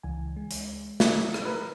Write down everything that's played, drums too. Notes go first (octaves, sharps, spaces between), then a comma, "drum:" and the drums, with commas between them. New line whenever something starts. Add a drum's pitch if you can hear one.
C#2 E3 G#5
G#3
drum: hi-hat
drum: snare
drum: rim click
A#4 B4